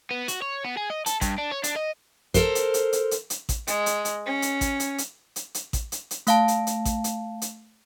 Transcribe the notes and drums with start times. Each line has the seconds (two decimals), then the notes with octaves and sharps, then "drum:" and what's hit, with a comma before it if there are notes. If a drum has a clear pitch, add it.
0.11 B3
0.28 F#4, drum: hi-hat
0.42 C#5
0.65 B3
0.77 G#4
0.90 D#5
1.06 A4, drum: hi-hat
1.21 G2, drum: kick A1, hi-hat
1.38 D4
1.52 C#5
1.64 D4, drum: hi-hat
1.76 D#5
2.34 A4 A#4 C5, drum: kick A1, hi-hat
2.55 drum: hi-hat
2.74 drum: hi-hat
2.93 drum: hi-hat
3.11 drum: hi-hat
3.30 drum: hi-hat
3.49 drum: kick A1, hi-hat
3.67 G#3, drum: hi-hat
3.86 drum: hi-hat
4.05 drum: hi-hat
4.27 C#4
4.42 drum: hi-hat
4.61 drum: kick A1, hi-hat
4.80 drum: hi-hat
4.98 drum: hi-hat
5.36 drum: hi-hat
5.54 drum: hi-hat
5.73 drum: kick A1, hi-hat
5.92 drum: hi-hat
6.11 drum: hi-hat
6.27 A3 F5 A5, drum: hi-hat
6.48 drum: hi-hat
6.67 drum: hi-hat
6.85 drum: kick A1, hi-hat
7.04 drum: hi-hat
7.42 drum: hi-hat